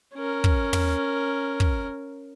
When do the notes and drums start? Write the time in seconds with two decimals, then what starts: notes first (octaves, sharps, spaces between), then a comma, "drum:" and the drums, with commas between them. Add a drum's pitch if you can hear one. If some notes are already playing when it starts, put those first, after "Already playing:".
0.15 C#4 A#4
0.44 drum: kick
0.73 drum: tom
1.60 drum: kick